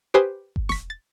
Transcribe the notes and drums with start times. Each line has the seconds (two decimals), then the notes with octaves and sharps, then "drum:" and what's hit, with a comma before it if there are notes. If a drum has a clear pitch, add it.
0.14 G4 B4 C5 G#5 D#6
0.56 drum: kick G1
0.69 C#6 B6, drum: snare E1
0.90 A6